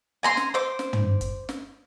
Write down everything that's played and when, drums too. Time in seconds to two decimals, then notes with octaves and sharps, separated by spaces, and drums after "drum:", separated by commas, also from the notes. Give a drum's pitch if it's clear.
0.23 G#5 A#5 C6
0.37 drum: snare
0.54 C5 D6
0.79 drum: snare
0.93 drum: tom
1.21 drum: kick, hi-hat
1.49 drum: snare